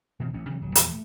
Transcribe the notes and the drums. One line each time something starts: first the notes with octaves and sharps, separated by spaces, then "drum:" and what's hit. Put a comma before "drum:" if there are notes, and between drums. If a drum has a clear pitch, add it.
B2 E3 G3 C4
A1 C#4
C3 E3 F#3
D1 G1 F#3
A#1 E2 A#3, drum: hi-hat
A3